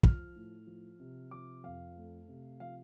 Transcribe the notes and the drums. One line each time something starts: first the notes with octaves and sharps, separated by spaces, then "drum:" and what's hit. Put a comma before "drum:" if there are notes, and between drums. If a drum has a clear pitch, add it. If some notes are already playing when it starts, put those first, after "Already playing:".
F3 F6, drum: kick
A2
F3
C3
F3 D6
F2 F5
A3
C3
F3 F5